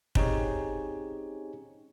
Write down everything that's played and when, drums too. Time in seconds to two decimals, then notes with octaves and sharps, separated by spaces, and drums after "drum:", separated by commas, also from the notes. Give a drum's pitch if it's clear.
0.15 C4 C#4 D#4 G4 G#4 C#5, drum: kick